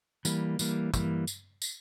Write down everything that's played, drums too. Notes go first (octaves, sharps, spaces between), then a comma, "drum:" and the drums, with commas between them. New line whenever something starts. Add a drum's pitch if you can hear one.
E3 G3 A#3, drum: tambourine
E3 G3 A#3, drum: tambourine
E3 G3 A#3, drum: kick, tambourine
drum: tambourine
drum: tambourine